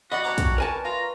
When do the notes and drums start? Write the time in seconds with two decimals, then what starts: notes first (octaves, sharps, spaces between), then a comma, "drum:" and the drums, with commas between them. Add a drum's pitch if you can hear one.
0.12 F#4 D5 D#5 F#5 B5
0.23 G3 C#4 C#5 A5 A#5 D6
0.38 drum: kick, hi-hat
0.58 A#4 B4 G#5 A5
0.85 F4 A#5